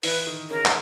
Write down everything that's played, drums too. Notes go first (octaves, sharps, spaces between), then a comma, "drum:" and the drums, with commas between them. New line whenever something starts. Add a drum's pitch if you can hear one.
E3 E4 B4, drum: open hi-hat
D#3 D#4
C#3 C#4 A#4
drum: clap